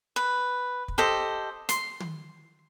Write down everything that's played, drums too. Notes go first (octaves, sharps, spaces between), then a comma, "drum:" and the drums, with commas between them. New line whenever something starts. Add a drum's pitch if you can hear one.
B4
drum: kick
G4 A4 C5 D#5
C6, drum: hi-hat
drum: tom